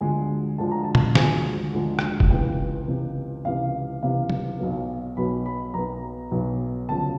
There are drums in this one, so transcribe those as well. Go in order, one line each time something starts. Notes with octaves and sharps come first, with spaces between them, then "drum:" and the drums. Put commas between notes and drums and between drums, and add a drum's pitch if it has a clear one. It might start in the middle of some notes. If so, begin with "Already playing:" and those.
D2 D3 F3 G#3 G#5
D2 D3 F3 G#3 A5
A#5
A5
drum: tom
D2 D3 F3 G#3 G#5, drum: snare D#3
D2 D3 F3 G#3
drum: rim click
drum: kick F1
C#2 C3 E3 G5
C#2 C3 E3
C#2 C3 E3 F5
C#2 C3 E3 F5
drum: tom F#3
B1 B2 F#3 B3
B1 B2 F#3 B3 B5
B5
B1 B2 F#3 B3 A#5
B1 B2 F#3 B3
D2 C#3 F3 A5